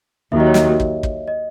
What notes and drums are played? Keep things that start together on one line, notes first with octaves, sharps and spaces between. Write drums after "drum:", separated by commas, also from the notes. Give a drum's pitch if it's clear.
D#2 D#3 F#3 E5
D#5
C#5
D#5, drum: snare
drum: kick
drum: kick
D#5